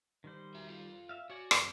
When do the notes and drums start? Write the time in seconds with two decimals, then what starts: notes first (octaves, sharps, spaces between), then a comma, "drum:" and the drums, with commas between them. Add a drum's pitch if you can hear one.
0.24 D#3 G3 C5
0.55 F#4 E5
0.68 F4 A4
1.09 E5 F5
1.30 F#4 C#5 D5 G#5
1.51 C#2 F#2 C4, drum: rim click